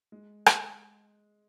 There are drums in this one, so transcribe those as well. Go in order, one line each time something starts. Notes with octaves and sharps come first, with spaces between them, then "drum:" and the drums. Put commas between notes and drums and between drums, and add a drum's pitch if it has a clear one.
G#3
drum: rim click